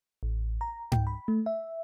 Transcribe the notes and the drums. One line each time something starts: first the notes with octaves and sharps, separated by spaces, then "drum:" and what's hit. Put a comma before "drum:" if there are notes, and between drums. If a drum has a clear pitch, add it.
A1
A#5
G5, drum: tom G#2
B5
A3
E5